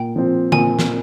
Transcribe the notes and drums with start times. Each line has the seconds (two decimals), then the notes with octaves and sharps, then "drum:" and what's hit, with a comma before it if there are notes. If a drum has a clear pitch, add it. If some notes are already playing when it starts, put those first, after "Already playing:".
Already playing: A#2 G5
0.16 F3 C4
0.52 A#2 G#5, drum: tom D3
0.79 drum: snare